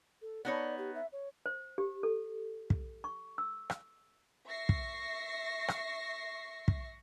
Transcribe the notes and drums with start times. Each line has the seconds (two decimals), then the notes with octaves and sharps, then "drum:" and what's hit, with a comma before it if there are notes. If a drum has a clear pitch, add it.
0.22 A4
0.45 B3 D#4 C#5 D5
0.78 G4
0.95 E5
1.12 C#5
1.46 C5
1.78 G4
2.03 A4
2.70 drum: kick
3.04 C#6
3.38 E6
3.70 drum: rim click
4.47 E5 C#6 A#6 C7
4.69 drum: kick
5.68 drum: rim click
6.68 drum: kick